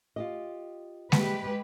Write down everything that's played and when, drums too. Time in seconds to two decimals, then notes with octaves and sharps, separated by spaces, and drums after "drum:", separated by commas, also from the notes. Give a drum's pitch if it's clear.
0.16 F4 G4 D#5
1.12 G3 G#3 G4 B4, drum: snare G#3